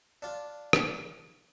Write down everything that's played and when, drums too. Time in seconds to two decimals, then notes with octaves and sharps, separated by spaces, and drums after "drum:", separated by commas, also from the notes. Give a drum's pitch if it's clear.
0.22 D4 F4
0.73 drum: rim click